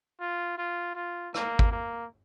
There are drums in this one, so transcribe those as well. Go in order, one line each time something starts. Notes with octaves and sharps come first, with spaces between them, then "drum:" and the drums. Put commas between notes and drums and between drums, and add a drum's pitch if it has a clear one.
F4
F4
F4
A#3, drum: rim click
drum: kick
A#3